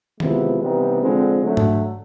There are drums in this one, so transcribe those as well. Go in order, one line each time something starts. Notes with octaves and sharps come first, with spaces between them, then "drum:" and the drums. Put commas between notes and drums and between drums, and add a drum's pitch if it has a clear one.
C3 F3 G#3 B3 E4, drum: tom D#3
C3 E3 G3 B3 D#4
D3 F3 G#3 C4
D3 F#3 A3
drum: tom G#2